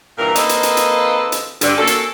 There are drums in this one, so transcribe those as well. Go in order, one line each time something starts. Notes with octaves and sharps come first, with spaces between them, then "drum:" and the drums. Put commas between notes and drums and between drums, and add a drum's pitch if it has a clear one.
G2 A#2 E3 A#4
D#3 A#3 C4 A4 B4 D#5, drum: hi-hat
drum: hi-hat
drum: hi-hat
drum: hi-hat
drum: hi-hat
G2 D3, drum: hi-hat
A#3 C#4 F#4 A4
drum: hi-hat